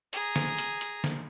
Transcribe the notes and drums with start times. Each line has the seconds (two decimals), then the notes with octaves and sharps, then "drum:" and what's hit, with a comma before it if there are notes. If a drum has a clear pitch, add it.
0.13 G#4 A#5, drum: hi-hat
0.36 drum: snare
0.58 drum: hi-hat
0.81 drum: hi-hat
1.04 drum: snare